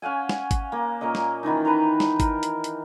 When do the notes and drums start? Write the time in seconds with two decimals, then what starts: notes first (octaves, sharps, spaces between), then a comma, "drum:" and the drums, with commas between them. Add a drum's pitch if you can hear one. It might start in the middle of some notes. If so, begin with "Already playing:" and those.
0.02 C#4 F5 F#5 G#5
0.29 drum: snare
0.51 drum: kick G#1, hi-hat
0.72 A#3
1.01 A#2 C#4 A#4 D#5
1.15 drum: snare
1.43 D#3 E3 C#4 D#4
1.65 B4 C5 A#5
2.00 drum: snare
2.20 A#4, drum: kick G#1, hi-hat
2.43 drum: hi-hat
2.64 drum: hi-hat